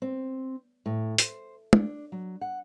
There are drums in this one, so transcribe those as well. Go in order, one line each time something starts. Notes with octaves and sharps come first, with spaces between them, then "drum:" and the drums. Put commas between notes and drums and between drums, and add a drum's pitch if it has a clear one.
C4
A2
C5, drum: hi-hat
D4, drum: tom
F#3
F#5